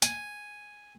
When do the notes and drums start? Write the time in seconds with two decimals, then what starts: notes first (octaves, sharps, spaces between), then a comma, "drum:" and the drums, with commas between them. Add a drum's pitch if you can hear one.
0.02 G#5, drum: hi-hat